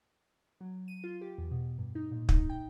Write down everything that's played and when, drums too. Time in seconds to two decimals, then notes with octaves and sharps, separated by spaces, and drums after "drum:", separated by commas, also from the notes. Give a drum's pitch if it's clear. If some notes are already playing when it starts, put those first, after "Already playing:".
0.61 F#3
0.88 D#7
1.04 F4
1.21 G4
1.38 E2
1.51 B2
1.78 G2
1.95 D#4
2.11 A#2
2.29 D#4, drum: kick
2.50 G5